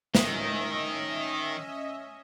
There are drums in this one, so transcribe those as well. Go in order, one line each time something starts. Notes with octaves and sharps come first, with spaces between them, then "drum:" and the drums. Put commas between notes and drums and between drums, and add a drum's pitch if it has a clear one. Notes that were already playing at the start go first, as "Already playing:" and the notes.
D#3 C#4 D#5 E5, drum: snare